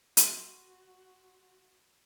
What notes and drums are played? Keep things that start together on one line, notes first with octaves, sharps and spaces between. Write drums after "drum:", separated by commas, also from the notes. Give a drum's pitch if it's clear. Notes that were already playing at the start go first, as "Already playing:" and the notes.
F#4 C6 D#7, drum: hi-hat